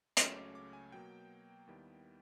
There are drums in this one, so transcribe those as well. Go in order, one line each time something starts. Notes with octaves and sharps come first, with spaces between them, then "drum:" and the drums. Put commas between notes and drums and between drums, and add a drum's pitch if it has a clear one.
C#2 C#3 F#3 A3 C#4 C6, drum: hi-hat
D6
D6
G#5
B2 F#3 A#3 G5
D#2 D#3 G3 B3 E4